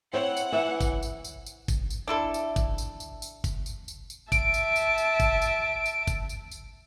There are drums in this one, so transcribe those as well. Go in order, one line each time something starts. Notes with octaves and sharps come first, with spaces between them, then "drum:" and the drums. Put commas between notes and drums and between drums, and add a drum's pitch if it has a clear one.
C4 E4 C#5 F#5
drum: tambourine
E3 E5
drum: kick G1, tambourine
drum: tambourine
drum: tambourine
drum: tambourine
drum: kick G1, tambourine
drum: tambourine
D4 E4 A4
drum: tambourine
drum: kick G1, tambourine
drum: tambourine
drum: tambourine
drum: tambourine
drum: kick G1, tambourine
drum: tambourine
drum: tambourine
drum: tambourine
E5 A5 D7, drum: kick G1, tambourine
drum: tambourine
drum: tambourine
drum: tambourine
drum: kick G1, tambourine
drum: tambourine
drum: tambourine
drum: kick G1, tambourine
drum: tambourine
drum: tambourine